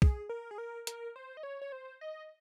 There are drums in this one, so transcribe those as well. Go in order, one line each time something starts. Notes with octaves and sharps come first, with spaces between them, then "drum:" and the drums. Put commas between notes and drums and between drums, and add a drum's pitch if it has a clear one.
G#4, drum: kick
A#4
G#4
A#4
A#4, drum: hi-hat
C5
D#5
C#5
C#5
C5
D#5